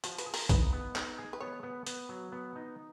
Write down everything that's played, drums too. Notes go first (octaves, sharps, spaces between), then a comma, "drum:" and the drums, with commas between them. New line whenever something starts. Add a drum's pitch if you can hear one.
F3 F#4, drum: hi-hat
B4, drum: hi-hat
G#4
A#4, drum: open hi-hat
D#4 B4, drum: kick A#1, hi-hat
B3
D#4, drum: clap
G#4
B4
B3 C#5
B3
B3, drum: hi-hat
F#3
B3
D#4